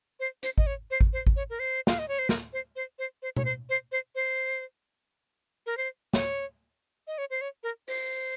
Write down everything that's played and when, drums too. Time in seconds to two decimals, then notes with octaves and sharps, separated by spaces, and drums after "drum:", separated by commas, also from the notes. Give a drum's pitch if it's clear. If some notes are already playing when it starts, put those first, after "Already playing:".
0.20 C5
0.43 C5, drum: hi-hat
0.58 D#5, drum: kick G#1
0.67 C#5
0.91 C5
1.01 drum: kick G#1
1.13 C5
1.27 drum: kick G#1
1.36 C#5
1.50 A#4
1.59 C5
1.87 F5, drum: snare
1.99 D#5
2.08 C#5
2.19 C5
2.29 A#4, drum: snare
2.53 C5
2.76 C5
2.99 C5
3.22 C5
3.36 C#5, drum: tom B2
3.45 C5
3.69 C5
3.92 C5
4.15 C5
5.66 A#4
5.77 C5
6.13 C#5, drum: snare
7.07 D#5
7.18 C#5
7.30 C5
7.41 C#5
7.63 A#4
7.88 C5, drum: open hi-hat